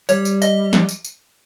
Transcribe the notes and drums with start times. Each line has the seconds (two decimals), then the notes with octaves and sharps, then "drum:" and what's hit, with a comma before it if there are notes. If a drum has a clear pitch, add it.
0.09 G3 C#5, drum: tambourine
0.25 drum: tambourine
0.42 D#5, drum: tambourine
0.73 drum: snare
0.89 drum: tambourine
1.05 drum: tambourine